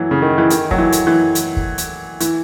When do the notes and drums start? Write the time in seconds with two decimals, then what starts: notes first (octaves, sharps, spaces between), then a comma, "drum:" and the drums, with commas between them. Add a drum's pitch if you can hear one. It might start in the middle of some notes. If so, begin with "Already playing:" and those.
Already playing: E3 F#3
0.11 C#3
0.22 D#3
0.38 E3
0.50 D#3, drum: hi-hat
0.71 F#3, drum: kick
0.78 E3
0.93 drum: hi-hat
1.07 E3
1.35 drum: hi-hat
1.57 drum: kick
1.78 drum: hi-hat
2.20 E3, drum: hi-hat